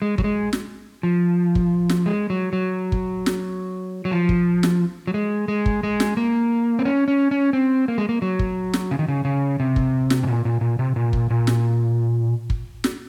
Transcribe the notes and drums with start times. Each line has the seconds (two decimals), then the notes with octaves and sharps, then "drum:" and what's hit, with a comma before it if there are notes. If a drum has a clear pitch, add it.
0.02 G#3
0.18 F#3, drum: kick
0.24 G#3
0.53 drum: snare
1.03 F3
1.55 drum: kick
1.89 drum: snare
2.06 G#3
2.30 F#3
2.53 F#3
2.92 drum: kick
3.26 drum: snare
4.05 F#3
4.11 F3
4.29 drum: kick
4.63 drum: snare
5.07 F#3
5.14 G#3
5.48 G#3
5.66 drum: kick
5.83 G#3
6.00 drum: snare
6.17 A#3
6.79 C4
6.85 C#4
7.08 C#4
7.31 C#4
7.53 C4
7.88 A#3
7.98 G#3
8.09 A#3
8.22 F#3
8.39 drum: kick
8.73 drum: snare
8.91 C#3
8.99 D#3
9.08 C#3
9.25 C#3
9.60 C3
9.76 drum: kick
10.10 drum: snare
10.23 G#2
10.27 A#2
10.45 A#2
10.61 A#2
10.79 C3
10.96 A#2
11.13 drum: kick
11.30 A#2
11.47 drum: snare
12.50 drum: kick
12.84 drum: snare